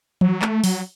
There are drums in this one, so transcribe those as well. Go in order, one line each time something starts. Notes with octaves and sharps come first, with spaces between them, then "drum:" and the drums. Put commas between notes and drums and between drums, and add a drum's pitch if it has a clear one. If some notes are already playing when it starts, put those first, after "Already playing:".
F#3, drum: tom E3
A3, drum: clap
F#3, drum: open hi-hat